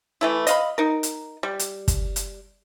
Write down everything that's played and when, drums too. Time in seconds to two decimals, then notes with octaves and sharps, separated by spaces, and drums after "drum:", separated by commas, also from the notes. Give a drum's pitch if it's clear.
0.21 E3 A3 E4
0.47 D#5 F5 B5, drum: hi-hat
0.78 D#4 A#4
1.03 drum: hi-hat
1.43 G3
1.59 drum: hi-hat
1.88 drum: kick, hi-hat
2.16 drum: hi-hat